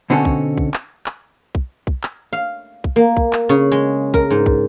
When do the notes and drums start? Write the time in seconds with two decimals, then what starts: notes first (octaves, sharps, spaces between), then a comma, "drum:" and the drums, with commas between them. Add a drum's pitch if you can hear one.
0.10 B2 D3 C4 C#4 F#4 A4
0.25 drum: kick
0.58 drum: kick
0.74 drum: clap
1.06 drum: clap
1.55 drum: kick
1.87 drum: kick
2.03 drum: clap
2.33 F5
2.84 drum: kick
2.96 A#3
3.17 drum: kick
3.33 drum: clap
3.49 C#3
3.72 G#3
4.14 A#4, drum: kick
4.30 G#2
4.46 drum: kick